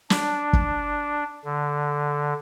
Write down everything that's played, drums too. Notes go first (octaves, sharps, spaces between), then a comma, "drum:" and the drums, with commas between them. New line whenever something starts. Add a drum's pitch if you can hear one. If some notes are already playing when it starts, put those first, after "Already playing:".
D4, drum: snare
drum: kick G1
D3